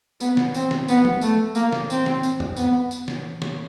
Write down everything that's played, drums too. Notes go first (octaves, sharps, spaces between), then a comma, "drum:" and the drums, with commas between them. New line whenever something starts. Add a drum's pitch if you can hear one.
B3, drum: tambourine
drum: snare
C4, drum: tambourine
drum: snare
B3, drum: tambourine
drum: tom
A3, drum: tambourine
A#3, drum: tambourine
drum: snare
C4, drum: tambourine
drum: snare
drum: tambourine
drum: tom F2
B3, drum: tambourine
drum: tambourine
drum: snare
drum: snare